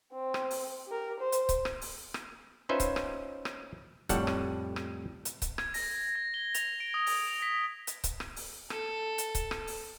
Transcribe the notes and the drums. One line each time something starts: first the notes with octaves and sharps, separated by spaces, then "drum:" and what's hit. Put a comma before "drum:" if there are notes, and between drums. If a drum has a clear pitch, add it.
C4
drum: rim click
drum: open hi-hat
G4 A#4
C5
drum: hi-hat
drum: kick C#1, hi-hat
drum: rim click
drum: open hi-hat
drum: rim click
C#4 D#4 F4 B4 C5 E5
drum: kick C#1, hi-hat
drum: rim click
drum: rim click
F2 A2 G3 A4 C#5 F#5, drum: kick C#1, hi-hat
drum: rim click
drum: rim click
drum: hi-hat
drum: kick C#1, hi-hat
G#6, drum: rim click
A#6, drum: open hi-hat
A#6
G7
F7, drum: hi-hat
D7
D#6
D#6, drum: open hi-hat
F7
B6
drum: hi-hat
drum: kick C#1, hi-hat
drum: rim click
drum: open hi-hat
A4, drum: rim click
drum: hi-hat
drum: kick C#1, hi-hat
drum: rim click
drum: open hi-hat